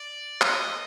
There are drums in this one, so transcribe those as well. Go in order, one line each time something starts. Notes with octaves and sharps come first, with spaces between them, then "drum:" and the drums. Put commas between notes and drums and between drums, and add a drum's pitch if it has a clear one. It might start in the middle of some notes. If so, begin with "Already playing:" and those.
Already playing: D5
D#5, drum: clap